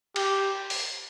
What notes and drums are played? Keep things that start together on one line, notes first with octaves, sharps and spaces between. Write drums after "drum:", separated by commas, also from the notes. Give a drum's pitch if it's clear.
G4, drum: cymbal
drum: open hi-hat